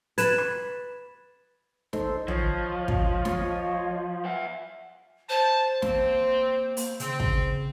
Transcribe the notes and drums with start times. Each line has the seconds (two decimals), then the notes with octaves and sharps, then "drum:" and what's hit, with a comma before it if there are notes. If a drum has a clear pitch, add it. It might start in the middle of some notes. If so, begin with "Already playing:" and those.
0.18 B4 G#6 A6 E7, drum: hi-hat
0.38 drum: rim click
1.93 D#4 A4 C5, drum: snare
2.28 F3 C#5 D#5, drum: tom
2.88 drum: kick
3.25 drum: snare
4.25 E5 F#5
5.29 C5 A5
5.82 A#3 C4, drum: snare
6.77 drum: open hi-hat
7.00 C#3 C4, drum: hi-hat
7.20 drum: kick